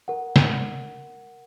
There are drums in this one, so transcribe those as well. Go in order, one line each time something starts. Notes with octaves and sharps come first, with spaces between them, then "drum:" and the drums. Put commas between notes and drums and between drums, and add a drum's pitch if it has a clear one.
A#4 F#5
drum: snare